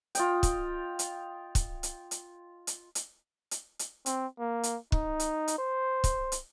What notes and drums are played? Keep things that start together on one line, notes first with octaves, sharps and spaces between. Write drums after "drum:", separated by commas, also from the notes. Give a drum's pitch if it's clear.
F4 D#5 G5, drum: hi-hat
drum: kick, hi-hat
drum: hi-hat
drum: kick, hi-hat
drum: hi-hat
drum: hi-hat
drum: hi-hat
drum: hi-hat
drum: hi-hat
drum: hi-hat
C4, drum: hi-hat
A#3
drum: hi-hat
D#4, drum: kick
drum: hi-hat
drum: hi-hat
C5
drum: kick, hi-hat
drum: hi-hat